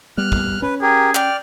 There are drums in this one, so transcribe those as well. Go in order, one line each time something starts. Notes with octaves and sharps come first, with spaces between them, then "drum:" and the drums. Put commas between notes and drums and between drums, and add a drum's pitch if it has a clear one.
G3 B3 F6 F#6
drum: kick
C#4 B4
G4 G#4 A#4
D5 G5 F6, drum: clap